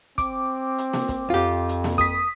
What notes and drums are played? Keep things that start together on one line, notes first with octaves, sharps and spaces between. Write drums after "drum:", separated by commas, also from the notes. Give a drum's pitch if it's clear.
C4 D6, drum: kick, hi-hat
drum: hi-hat
drum: snare A#3
drum: kick, hi-hat
F2 F4 G4
drum: hi-hat
drum: snare A#3
D#6 B6, drum: kick, hi-hat